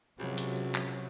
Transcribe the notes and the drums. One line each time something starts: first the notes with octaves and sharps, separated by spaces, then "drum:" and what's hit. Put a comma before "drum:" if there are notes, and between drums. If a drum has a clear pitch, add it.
C#2 C3 F#3 F#4
drum: hi-hat
drum: clap